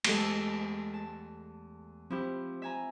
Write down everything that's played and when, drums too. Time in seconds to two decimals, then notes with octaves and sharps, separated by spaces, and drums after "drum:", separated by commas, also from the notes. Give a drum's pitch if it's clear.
0.04 E2 G#3 A3 G4 A4, drum: cymbal
0.94 A5
2.10 F3 C4 E4 G4
2.62 E5 G#5 A#5